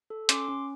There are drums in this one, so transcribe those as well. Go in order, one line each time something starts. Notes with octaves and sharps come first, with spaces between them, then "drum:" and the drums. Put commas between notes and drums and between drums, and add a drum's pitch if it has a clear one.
A4
C#4 C6 D6, drum: hi-hat
C#4